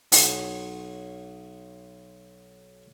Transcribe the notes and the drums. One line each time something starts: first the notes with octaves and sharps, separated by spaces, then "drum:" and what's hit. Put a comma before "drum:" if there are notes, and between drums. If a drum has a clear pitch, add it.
B1 C#5 F#5 D#6, drum: open hi-hat